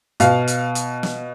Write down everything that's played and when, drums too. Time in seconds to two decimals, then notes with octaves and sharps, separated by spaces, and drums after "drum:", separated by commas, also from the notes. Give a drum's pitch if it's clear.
0.20 B2 F5, drum: hi-hat
0.48 drum: hi-hat
0.75 drum: hi-hat
1.03 drum: snare